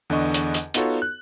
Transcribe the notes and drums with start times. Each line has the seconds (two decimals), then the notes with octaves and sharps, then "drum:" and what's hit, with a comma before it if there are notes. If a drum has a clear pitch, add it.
0.10 E2 D3 D4 D#5 C#6 D#6
0.34 drum: hi-hat
0.54 drum: hi-hat
0.74 B3 D#4 F4 F#4 A4 C#5, drum: hi-hat
1.02 F#6